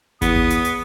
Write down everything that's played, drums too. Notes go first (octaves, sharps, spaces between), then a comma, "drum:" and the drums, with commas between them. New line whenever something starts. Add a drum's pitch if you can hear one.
E2 B3 D#6, drum: kick G#1, hi-hat
drum: tom D2
drum: hi-hat
drum: hi-hat